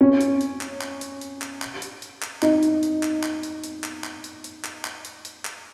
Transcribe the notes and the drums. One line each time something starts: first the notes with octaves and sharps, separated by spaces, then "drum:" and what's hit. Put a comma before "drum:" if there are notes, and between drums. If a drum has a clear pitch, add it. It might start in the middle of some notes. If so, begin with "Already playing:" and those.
C#4
drum: hi-hat
drum: hi-hat
drum: clap
drum: clap
drum: hi-hat
drum: hi-hat
drum: clap
drum: clap
drum: hi-hat
drum: hi-hat
drum: clap
D#4, drum: clap
drum: hi-hat
drum: hi-hat
drum: clap
drum: clap
drum: hi-hat
drum: hi-hat
drum: clap
drum: clap
drum: hi-hat
drum: hi-hat
drum: clap
drum: clap
drum: hi-hat
drum: hi-hat
drum: clap